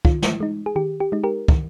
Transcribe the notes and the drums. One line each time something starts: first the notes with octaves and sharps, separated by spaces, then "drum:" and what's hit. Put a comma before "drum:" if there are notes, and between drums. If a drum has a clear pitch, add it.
D#3 F4, drum: kick
drum: snare
G#3 D#4
G#4
D#3 G4
G4
G#3 D#4
G4 A#4
D#3, drum: kick